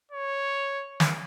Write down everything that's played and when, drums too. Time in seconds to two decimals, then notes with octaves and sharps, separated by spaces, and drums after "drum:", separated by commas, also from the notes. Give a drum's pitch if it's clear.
0.12 C#5
1.00 drum: snare